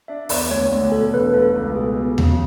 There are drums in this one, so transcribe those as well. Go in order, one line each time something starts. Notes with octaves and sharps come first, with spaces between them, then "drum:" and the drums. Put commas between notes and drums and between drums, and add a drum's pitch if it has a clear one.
D4 E5
E2 D5, drum: open hi-hat
D2 C#5
D2
B2 A4
E1 B4
A3 A4
C#2
B2 G#4
B2
C#3, drum: tom D#2